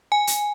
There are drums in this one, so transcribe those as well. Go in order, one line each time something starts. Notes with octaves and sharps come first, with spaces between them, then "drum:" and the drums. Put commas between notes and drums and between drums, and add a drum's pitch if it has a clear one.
G#5
drum: hi-hat